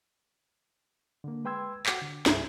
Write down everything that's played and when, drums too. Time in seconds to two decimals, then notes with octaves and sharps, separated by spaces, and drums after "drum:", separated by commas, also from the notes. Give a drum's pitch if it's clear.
1.24 D3 A#3
1.45 G#3 B4 G5 C6 E6 G#6
1.86 F#4 F#5 G5 D6, drum: clap
2.02 D3
2.26 C2 G2 C3 E4 G#4 E5, drum: snare